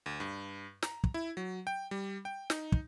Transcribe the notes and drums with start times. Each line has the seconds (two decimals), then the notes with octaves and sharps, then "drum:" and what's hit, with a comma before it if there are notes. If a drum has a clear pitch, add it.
0.06 D2
0.20 G2
0.83 A#5, drum: snare
1.04 drum: kick
1.14 E4
1.37 F#3
1.67 G5
1.91 G3
2.25 G5
2.50 D#4, drum: snare
2.72 drum: kick